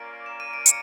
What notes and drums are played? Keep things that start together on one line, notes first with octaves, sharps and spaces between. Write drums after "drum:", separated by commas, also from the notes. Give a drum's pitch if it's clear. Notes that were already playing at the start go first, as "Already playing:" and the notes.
Already playing: A#3 C#4 F4 A#4 D5 D7
E7
D#7
D7
C#7, drum: hi-hat